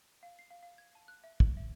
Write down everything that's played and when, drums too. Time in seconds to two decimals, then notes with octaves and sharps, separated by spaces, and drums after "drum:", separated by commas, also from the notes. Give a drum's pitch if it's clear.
0.23 F5
0.39 C7
0.51 F5
0.63 F5
0.78 G#6
0.95 A5
1.08 F#6
1.24 E5
1.40 F#7, drum: kick
1.57 E5